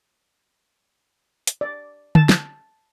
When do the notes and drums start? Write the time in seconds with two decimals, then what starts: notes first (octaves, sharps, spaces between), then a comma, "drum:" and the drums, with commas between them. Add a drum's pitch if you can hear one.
1.47 drum: hi-hat
1.61 D5
2.15 A5, drum: tom D3
2.29 drum: snare